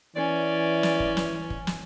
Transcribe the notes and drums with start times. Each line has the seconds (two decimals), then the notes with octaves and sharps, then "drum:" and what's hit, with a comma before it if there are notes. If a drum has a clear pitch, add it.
0.16 E3 C#4 D5
0.83 drum: snare
1.00 drum: kick
1.17 drum: snare
1.50 drum: kick
1.67 drum: snare